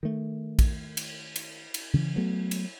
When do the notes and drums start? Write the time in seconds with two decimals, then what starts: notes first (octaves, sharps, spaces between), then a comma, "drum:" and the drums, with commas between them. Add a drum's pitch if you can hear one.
0.03 D#3 A3
0.59 drum: kick, cymbal
0.97 drum: cymbal
1.36 drum: cymbal
1.74 drum: cymbal
1.94 C#3 E3
2.16 F#3 A3 B3
2.51 drum: cymbal